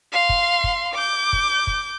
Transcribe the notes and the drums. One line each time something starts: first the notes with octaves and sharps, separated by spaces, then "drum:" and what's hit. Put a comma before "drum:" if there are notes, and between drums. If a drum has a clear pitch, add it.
F5 C6
drum: kick
drum: kick
D6 G6
drum: kick
drum: kick